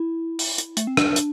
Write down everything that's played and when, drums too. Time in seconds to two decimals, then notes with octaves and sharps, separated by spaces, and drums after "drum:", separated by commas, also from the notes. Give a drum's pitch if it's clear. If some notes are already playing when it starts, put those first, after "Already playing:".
Already playing: E4
0.39 drum: open hi-hat
0.58 drum: hi-hat
0.77 A3, drum: hi-hat
0.87 C4
0.97 D4, drum: rim click
1.16 drum: hi-hat